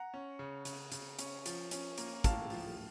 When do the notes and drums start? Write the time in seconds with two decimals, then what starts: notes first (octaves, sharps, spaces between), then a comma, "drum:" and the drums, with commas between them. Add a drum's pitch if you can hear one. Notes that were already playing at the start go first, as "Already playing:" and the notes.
Already playing: F#5 A#5
0.14 C#4
0.39 C#3
0.65 C#3, drum: hi-hat
0.92 C#3, drum: hi-hat
1.19 C#4, drum: hi-hat
1.46 F3, drum: hi-hat
1.71 C#4, drum: hi-hat
1.98 A#3, drum: hi-hat
2.24 A2 F5 A5, drum: kick, hi-hat
2.50 F3, drum: open hi-hat